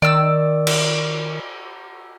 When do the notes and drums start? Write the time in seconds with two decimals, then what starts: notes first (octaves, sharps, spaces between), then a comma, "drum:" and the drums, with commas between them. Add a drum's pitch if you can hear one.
0.02 D#3 D5 E6
0.67 drum: cymbal